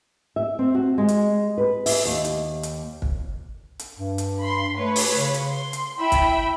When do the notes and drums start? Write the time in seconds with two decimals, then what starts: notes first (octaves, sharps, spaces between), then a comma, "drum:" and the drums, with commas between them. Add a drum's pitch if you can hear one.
0.36 E5
0.59 C4
0.75 F#4
0.98 G#3
1.08 drum: hi-hat
1.58 B4
1.86 E5, drum: open hi-hat
2.05 D#2
2.25 drum: hi-hat
2.63 drum: hi-hat
3.02 drum: kick
3.79 drum: hi-hat
3.99 G2
4.18 drum: hi-hat
4.40 B5 C6
4.77 A3 B4 C#5
4.96 drum: open hi-hat
5.16 C#3
5.34 drum: hi-hat
5.51 C6
5.73 drum: hi-hat
5.99 E4 E5 G5 B5
6.12 drum: kick, hi-hat